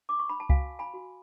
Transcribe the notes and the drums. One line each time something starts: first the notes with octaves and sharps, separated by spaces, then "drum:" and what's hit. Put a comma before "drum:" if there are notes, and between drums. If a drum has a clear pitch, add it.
D6
C#6
B5
A5
F#4 F5 G#5, drum: kick C#2
G#5 B5
F#4